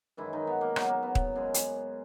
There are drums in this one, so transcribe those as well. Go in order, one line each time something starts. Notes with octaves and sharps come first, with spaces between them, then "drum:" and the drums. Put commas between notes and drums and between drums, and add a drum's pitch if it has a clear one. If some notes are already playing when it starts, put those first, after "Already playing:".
F#2 D#3 E3 G#3 E4
D#3 D#4
B3
A#3
C#3 F#3 A#3 B3, drum: rim click
A#3
B3
drum: kick D#1
F#2 C#3 G#3
drum: hi-hat